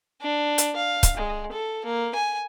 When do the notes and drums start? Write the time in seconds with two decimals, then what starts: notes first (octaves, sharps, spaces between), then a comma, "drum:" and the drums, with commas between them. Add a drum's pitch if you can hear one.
0.21 D4
0.58 drum: hi-hat
0.76 F5
1.03 drum: kick, hi-hat
1.17 G#3
1.52 A4
1.85 A#3
2.15 G#5